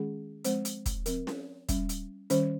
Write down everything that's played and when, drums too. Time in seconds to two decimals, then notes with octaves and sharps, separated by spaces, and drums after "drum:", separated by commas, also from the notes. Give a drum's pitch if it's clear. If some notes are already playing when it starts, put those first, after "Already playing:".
Already playing: D#3 G#3 C#4 G#4
0.45 F3 G#3 C4 C5, drum: hi-hat
0.65 drum: hi-hat
0.86 drum: kick, hi-hat
1.06 F3 C4 A#4, drum: hi-hat
1.27 drum: snare C#4
1.69 G3 C#4, drum: kick, hi-hat
1.89 drum: hi-hat
2.30 D#3 G3 C#4 C5, drum: hi-hat